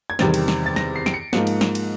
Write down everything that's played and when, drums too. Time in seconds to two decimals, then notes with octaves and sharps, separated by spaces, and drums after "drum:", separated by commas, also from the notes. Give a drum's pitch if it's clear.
0.10 G#6
0.19 E2 C3 D#3 G3 C4 A6, drum: snare
0.34 drum: cymbal
0.48 drum: snare
0.66 A6
0.76 A#6, drum: snare
0.96 C7
1.06 D7, drum: snare
1.14 C#7
1.33 G#2 F3 A#3 D#4, drum: snare
1.47 drum: cymbal
1.61 drum: snare
1.75 drum: cymbal